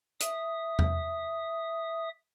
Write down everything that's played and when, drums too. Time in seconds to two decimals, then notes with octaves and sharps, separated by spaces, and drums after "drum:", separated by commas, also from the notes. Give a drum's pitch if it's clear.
0.20 E5 D#6, drum: hi-hat
0.79 drum: tom E2